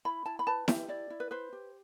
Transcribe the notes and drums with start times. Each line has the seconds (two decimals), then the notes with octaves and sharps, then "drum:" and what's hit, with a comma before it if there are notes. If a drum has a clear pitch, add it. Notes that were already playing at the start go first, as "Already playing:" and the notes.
0.05 E4 B5
0.26 E4 A5
0.39 B5
0.47 B4 A5
0.68 G4 E5, drum: snare E4
0.88 E4 D5
1.10 E4
1.20 B4
1.31 B4 C5
1.53 G4